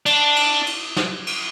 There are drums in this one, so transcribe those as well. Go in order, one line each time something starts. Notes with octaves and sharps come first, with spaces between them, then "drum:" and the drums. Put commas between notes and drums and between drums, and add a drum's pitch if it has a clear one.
D4, drum: cymbal
drum: cymbal
drum: cymbal
drum: snare
drum: cymbal